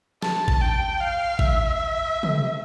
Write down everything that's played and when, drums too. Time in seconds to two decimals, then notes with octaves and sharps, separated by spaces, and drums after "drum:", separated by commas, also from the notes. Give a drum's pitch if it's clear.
0.22 A5, drum: snare
0.48 drum: kick G#1
0.61 G5
1.00 F5
1.39 E5, drum: kick G#1
2.23 drum: tom